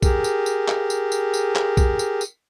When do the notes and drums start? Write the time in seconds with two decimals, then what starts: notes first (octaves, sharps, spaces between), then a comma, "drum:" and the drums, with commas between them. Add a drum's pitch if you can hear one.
0.03 G4 G#4 A#4, drum: kick, tambourine
0.24 drum: tambourine
0.46 drum: tambourine
0.68 drum: clap
0.90 drum: tambourine
1.12 drum: tambourine
1.34 drum: tambourine
1.55 drum: clap
1.77 drum: kick, tambourine
1.99 drum: tambourine
2.21 drum: tambourine